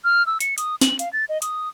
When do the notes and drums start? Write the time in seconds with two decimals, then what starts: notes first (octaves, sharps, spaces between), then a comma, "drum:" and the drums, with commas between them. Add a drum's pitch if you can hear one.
0.04 F6
0.27 E6
0.41 C#7, drum: hi-hat
0.58 D#6, drum: hi-hat
0.81 F#7, drum: snare
0.99 F5, drum: hi-hat
1.13 A6
1.29 D#5
1.42 D#6, drum: hi-hat